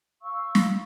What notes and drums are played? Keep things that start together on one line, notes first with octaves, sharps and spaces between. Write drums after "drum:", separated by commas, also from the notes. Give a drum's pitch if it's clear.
F5 C#6 E6
drum: snare